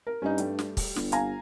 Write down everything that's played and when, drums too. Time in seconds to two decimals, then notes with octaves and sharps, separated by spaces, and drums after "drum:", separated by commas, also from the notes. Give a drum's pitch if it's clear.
0.07 A#4
0.22 G2 C#4 D#4
0.38 G3 A3, drum: hi-hat
0.59 drum: snare
0.77 drum: kick, open hi-hat
0.96 G1, drum: snare
1.12 F5 G#5 A#5, drum: hi-hat